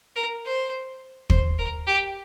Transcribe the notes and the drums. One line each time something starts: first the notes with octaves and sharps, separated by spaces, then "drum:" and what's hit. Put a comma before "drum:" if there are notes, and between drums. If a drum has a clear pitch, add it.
A#4
C5
C5, drum: kick
A#4
G4